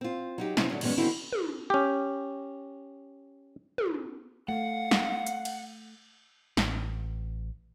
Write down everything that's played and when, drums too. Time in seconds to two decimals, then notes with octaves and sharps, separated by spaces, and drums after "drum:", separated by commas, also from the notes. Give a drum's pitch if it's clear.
0.01 C4 F4
0.38 F#3 D#4 G4
0.57 C3 E3 F#3 G#3 C4 C#4, drum: snare
0.70 D3 F#3
0.81 G2 D#3 F#3 G#3 B3 C#4, drum: cymbal
0.97 D3 D#3 B3 C4 E4 F#4
1.33 drum: tom
1.70 C#4 G4
3.78 drum: tom
4.48 A3 F5 F#5
4.91 drum: snare
5.27 drum: hi-hat
5.45 drum: cymbal
6.57 A1, drum: snare